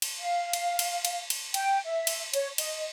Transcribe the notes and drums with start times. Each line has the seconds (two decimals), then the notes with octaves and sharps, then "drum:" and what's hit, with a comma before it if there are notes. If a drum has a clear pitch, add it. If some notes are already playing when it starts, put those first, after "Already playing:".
0.02 drum: cymbal
0.20 F5
0.53 drum: cymbal
0.79 drum: cymbal
1.05 drum: cymbal
1.30 drum: cymbal
1.54 G5, drum: cymbal
1.85 E5
2.07 drum: cymbal
2.34 C#5, drum: cymbal
2.58 D#5, drum: cymbal